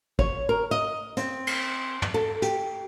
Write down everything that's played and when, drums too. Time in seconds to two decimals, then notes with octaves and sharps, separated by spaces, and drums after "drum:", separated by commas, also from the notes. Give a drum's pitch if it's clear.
0.19 C#5, drum: kick
0.49 A#4
0.71 D#5
1.17 C4, drum: hi-hat
1.47 drum: cymbal
2.02 drum: tom
2.14 A4
2.42 G4, drum: hi-hat